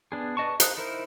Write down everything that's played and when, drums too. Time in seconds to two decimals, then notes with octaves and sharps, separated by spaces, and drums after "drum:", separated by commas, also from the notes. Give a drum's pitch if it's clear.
0.12 B3 D4 G#4
0.37 B4 D5 D#5 A5 C#6
0.60 D#4 C5 F5 D#6 F#6, drum: hi-hat
0.77 D#4 E4 A#4 C5